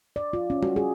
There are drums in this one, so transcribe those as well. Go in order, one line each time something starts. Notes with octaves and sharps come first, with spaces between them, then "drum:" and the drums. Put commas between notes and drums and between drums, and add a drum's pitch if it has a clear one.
D5
F4
C#4
F#4, drum: tom G3
G#4